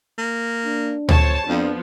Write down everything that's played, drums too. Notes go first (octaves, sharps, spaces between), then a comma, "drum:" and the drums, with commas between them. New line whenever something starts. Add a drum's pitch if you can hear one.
A#3
D4
F2 C5 C#5 A5, drum: tom D2
F2 F3 B3 D4